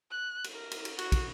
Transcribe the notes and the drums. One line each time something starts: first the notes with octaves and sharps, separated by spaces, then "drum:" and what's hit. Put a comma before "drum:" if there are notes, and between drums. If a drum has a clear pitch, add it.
F#6
drum: cymbal
A#4
drum: cymbal
drum: cymbal
F#4, drum: cymbal
drum: kick, cymbal